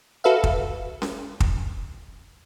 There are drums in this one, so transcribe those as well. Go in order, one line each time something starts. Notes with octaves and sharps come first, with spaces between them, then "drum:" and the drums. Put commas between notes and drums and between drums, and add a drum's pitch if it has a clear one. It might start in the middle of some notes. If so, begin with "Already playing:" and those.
F#4 A4 B4 E5 F5
drum: kick
drum: snare C#4
drum: kick